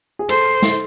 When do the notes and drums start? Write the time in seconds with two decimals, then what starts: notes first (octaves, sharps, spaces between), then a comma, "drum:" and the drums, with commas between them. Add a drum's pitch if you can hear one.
0.19 G#4
0.29 A4 C5, drum: cymbal
0.62 drum: snare